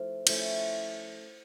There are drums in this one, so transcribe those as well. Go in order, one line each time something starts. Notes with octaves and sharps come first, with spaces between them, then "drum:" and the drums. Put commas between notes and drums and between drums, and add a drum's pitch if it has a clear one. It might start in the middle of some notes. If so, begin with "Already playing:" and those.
Already playing: F3 A3 E4
F3 A3 C#4 E4 C5, drum: cymbal